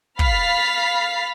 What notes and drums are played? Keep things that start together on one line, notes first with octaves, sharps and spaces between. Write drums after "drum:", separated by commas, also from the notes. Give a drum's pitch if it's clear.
F5 B5 F6 A6 B6 C7, drum: kick